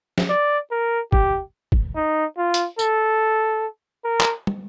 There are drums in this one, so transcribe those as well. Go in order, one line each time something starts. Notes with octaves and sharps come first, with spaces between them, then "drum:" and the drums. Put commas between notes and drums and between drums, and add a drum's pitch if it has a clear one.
drum: snare
D5
A#4
G4, drum: kick
drum: kick
D#4
F4
drum: hi-hat
A4, drum: tambourine
A#4
drum: clap
drum: tom